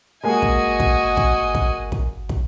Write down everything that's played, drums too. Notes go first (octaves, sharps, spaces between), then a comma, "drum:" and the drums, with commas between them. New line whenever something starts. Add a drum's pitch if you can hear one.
G#3 A#3 F#4 G#4 D#5 G#5
drum: kick
drum: kick
drum: kick
drum: kick
drum: kick
drum: kick